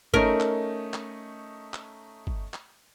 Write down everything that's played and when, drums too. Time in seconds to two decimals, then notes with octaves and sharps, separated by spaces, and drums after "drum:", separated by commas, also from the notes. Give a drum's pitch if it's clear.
0.14 A3 C#4 D#4 A#4, drum: kick
0.40 drum: clap
0.94 drum: clap
1.74 drum: clap
2.27 drum: kick
2.54 drum: clap